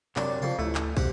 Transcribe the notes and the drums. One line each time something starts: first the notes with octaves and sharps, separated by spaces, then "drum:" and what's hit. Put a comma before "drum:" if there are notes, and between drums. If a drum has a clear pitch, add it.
F#2 C3 D4 A5, drum: clap
F2 C#3 A4 C6
A1 D2 A3 E4
drum: clap
B2 C4 G4 F#5, drum: kick